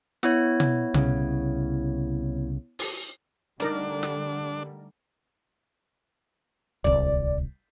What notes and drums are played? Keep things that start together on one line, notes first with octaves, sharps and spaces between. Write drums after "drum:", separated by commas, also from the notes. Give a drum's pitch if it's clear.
B3 E4 C#5, drum: snare
drum: tom B2
C2 C#3, drum: tom B2
drum: open hi-hat
D3 G3 A3 D4 D#4 A#4 D5, drum: hi-hat
drum: snare
D1 C2 D5